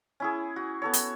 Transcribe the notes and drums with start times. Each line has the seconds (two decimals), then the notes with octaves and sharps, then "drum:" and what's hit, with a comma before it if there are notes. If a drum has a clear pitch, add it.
0.20 C#4 E4 G#4
0.56 F#4
0.82 B3 A4 C#5
0.93 drum: hi-hat